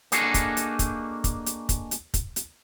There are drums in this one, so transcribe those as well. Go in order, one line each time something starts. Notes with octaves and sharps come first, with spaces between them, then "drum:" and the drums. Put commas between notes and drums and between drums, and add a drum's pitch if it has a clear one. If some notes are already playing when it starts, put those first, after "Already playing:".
A#3 D4 D#4 F#4 G#4 A4, drum: hi-hat
drum: kick, hi-hat
drum: hi-hat
drum: kick, hi-hat
drum: kick, hi-hat
drum: hi-hat
drum: kick, hi-hat
drum: hi-hat
drum: kick, hi-hat
drum: hi-hat